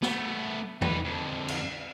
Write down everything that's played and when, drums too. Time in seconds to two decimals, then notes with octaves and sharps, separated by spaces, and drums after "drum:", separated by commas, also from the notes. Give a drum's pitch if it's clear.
0.02 A3 B3, drum: snare
0.82 D#4 B4, drum: tom
1.04 F2 D3
1.48 drum: cymbal